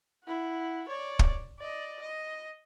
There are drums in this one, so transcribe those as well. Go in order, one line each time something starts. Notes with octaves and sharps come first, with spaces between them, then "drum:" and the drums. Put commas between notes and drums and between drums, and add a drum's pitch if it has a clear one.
E4 F#5
C#5 D5
drum: kick
D5 D#5
D#5